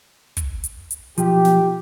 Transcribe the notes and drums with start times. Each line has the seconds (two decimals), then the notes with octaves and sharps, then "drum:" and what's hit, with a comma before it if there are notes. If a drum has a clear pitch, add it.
0.37 drum: kick, hi-hat
0.64 drum: hi-hat
0.91 drum: hi-hat
1.18 B1 F3 G4, drum: hi-hat
1.45 drum: snare